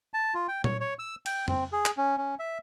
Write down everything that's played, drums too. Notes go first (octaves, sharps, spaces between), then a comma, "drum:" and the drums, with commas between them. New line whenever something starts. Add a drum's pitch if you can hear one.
A5
F4
G5
C#5, drum: tom A#2
C#5
E6
G5, drum: cymbal
C4, drum: tom F2
G#4
drum: clap
C#4
C#4
E5